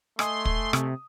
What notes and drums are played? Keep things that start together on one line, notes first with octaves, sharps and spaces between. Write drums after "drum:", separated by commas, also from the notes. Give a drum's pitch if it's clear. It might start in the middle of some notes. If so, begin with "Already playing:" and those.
A3 D#5 G#5 C6 D#6, drum: rim click
drum: kick
C3, drum: rim click